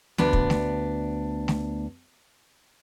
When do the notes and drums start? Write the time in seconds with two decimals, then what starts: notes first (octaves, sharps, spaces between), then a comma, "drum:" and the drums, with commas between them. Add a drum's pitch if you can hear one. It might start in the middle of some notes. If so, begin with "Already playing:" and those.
0.18 D2 B3 D4, drum: snare A3
0.33 drum: kick
0.50 drum: snare A3
1.48 drum: snare A3